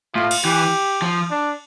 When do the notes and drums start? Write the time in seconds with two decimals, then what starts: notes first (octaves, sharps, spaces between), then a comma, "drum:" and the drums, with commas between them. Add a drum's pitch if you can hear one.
0.15 A2 F4
0.31 drum: cymbal
0.44 E3 G4
1.02 F3
1.31 D4